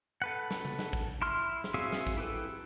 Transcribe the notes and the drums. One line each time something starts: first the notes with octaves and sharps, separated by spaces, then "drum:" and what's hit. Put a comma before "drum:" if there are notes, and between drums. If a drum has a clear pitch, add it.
A4 B4 F#5
drum: snare
drum: tom C#3
drum: snare
drum: kick
E4 C6 F6
drum: snare
C4 F#4 G#4 E5 F5
drum: snare
drum: kick
E4 G4 A4 B4